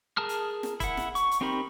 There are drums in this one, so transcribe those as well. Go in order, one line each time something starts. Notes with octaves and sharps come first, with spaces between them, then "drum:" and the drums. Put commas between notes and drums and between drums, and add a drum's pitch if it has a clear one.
G#4 A#4 A5 D#6 F6
drum: hi-hat
drum: snare
E4 F#5, drum: kick, hi-hat
drum: snare
C#6, drum: hi-hat
drum: hi-hat
C4 D#4 G4 A#4 B5